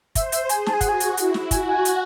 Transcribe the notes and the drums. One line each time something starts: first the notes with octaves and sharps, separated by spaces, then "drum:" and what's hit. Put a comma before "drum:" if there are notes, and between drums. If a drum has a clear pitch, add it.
C5 E5, drum: kick, hi-hat
E5, drum: hi-hat
G#4 G#5, drum: hi-hat
A5, drum: snare
G#5
F#4 F#5, drum: kick, hi-hat
G#5
drum: hi-hat
E4, drum: hi-hat
drum: snare
F#4 G#5, drum: kick, hi-hat
G#5
drum: hi-hat